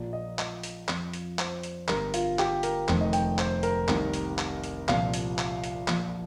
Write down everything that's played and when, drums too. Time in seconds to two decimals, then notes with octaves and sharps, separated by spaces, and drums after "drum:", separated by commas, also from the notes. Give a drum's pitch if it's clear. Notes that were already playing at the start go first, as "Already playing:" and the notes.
Already playing: A#1 A#2 F3
0.13 D#5
0.39 D#5, drum: clap
0.63 drum: hi-hat
0.89 F2 F3, drum: clap
1.13 drum: hi-hat
1.39 C5, drum: clap
1.63 drum: hi-hat
1.88 G1 G2 G3 A#4, drum: clap
2.14 F4, drum: hi-hat
2.39 G4, drum: clap
2.63 A#4, drum: hi-hat
2.89 F1 F2 D#3 C5, drum: clap
3.01 D#5
3.13 G5, drum: hi-hat
3.39 C5, drum: clap
3.63 A#4, drum: hi-hat
3.88 C2 C3 D#3 G3, drum: clap
4.14 drum: hi-hat
4.39 drum: clap
4.64 drum: hi-hat
4.89 C2 A#2 F3 F5, drum: clap
5.14 drum: hi-hat
5.39 drum: clap
5.64 drum: hi-hat
5.88 A#1 A#2 F3, drum: clap